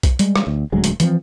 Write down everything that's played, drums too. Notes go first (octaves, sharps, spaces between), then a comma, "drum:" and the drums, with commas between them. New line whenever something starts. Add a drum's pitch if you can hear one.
drum: kick B1, hi-hat
G3 G#3, drum: hi-hat
drum: rim click
D2
D#1 D2 F#3 G#3
drum: hi-hat
E3 F3 A#3 C4, drum: hi-hat